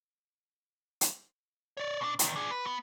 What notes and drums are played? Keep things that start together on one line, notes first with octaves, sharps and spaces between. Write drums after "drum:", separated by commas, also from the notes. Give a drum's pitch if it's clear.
drum: hi-hat
C#5 D5
B2 D4
E2 D#3, drum: hi-hat
D4 G#4
B4
B3